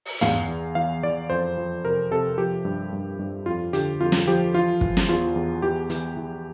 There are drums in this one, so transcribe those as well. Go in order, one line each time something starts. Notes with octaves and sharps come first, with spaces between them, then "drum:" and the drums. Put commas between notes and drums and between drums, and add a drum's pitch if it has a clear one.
drum: open hi-hat
E2 F5, drum: tom
E3
E3 F5
E3 D5
F2 C5
F3
C3 A#4
C3 A4
F3 G4
G2
G2
G2
F2 F4
D3 G4, drum: hi-hat
F2 F4
drum: snare
F3 G4
E3 F4
E3, drum: kick
drum: snare
E2 F4
E2
E3 G4
E3, drum: hi-hat
E3